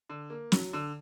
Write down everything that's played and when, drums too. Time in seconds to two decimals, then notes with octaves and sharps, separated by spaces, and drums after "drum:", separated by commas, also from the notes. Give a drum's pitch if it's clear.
0.10 D3
0.30 A#3
0.52 F#3, drum: snare
0.73 D3